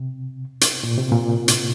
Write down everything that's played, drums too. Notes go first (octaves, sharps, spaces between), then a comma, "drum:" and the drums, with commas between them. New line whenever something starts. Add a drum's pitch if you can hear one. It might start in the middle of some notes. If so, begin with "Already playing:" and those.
Already playing: C3
drum: hi-hat
A#2
C3
A#2
drum: hi-hat